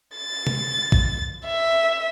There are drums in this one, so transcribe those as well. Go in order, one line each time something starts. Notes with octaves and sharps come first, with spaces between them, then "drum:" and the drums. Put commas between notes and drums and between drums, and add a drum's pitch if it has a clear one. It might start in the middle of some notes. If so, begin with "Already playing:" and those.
A6
drum: tom C3
drum: kick
E5